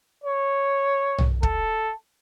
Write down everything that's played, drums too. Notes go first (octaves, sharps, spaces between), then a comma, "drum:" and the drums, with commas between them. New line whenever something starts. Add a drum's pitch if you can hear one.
C#5
drum: tom
A4, drum: kick